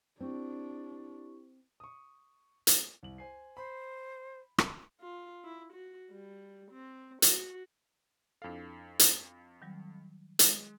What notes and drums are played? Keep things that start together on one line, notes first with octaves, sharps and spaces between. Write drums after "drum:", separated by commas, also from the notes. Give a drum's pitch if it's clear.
C4 D4 E4 G4 C#6
C#6 D#6
drum: hi-hat
C2 F#7
C5 G#5 C7
C5 B5
drum: rim click
F4
E4
F#4
G3
C4
F#4, drum: hi-hat
F2 D4 E4 A4 F5
drum: hi-hat
D#3 F#3 G3
G#3, drum: hi-hat